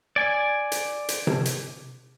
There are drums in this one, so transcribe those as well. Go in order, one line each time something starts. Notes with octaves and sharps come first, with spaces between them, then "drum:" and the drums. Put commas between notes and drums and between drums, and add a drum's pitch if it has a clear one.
D5 G#5
drum: hi-hat
drum: hi-hat
drum: tom C3
drum: hi-hat